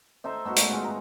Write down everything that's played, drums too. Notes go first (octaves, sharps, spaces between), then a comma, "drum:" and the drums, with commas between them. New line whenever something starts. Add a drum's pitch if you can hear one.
D#4 A4 C5 E5
A3 B3 D#4 F#4
G#2 E5, drum: hi-hat
G#3 F4 C#6
B4 A#5